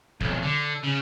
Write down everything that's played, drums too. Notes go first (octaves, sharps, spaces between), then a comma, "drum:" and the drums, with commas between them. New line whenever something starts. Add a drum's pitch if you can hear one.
B1 F2, drum: kick
D3
C#3